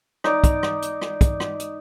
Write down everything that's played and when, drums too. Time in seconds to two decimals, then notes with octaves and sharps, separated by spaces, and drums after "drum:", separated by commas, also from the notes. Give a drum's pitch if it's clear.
0.24 D#4 D5, drum: rim click
0.44 drum: kick, hi-hat
0.63 drum: rim click
0.82 drum: hi-hat
1.02 drum: rim click
1.21 drum: kick, hi-hat
1.40 drum: rim click
1.60 drum: hi-hat